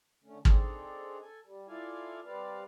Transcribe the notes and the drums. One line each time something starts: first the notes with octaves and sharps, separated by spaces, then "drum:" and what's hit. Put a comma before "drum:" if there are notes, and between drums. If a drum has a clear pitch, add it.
D3 A3 C#4
C4 D4 D#4 G#4 A4, drum: kick
A4 G#5
G3
E4 F4 A4 D5 F5 G#5
G3 C4 B4 D5 F5